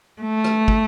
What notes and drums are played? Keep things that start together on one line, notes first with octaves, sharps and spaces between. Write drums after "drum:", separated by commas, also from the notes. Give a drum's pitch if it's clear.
A3
drum: rim click
drum: kick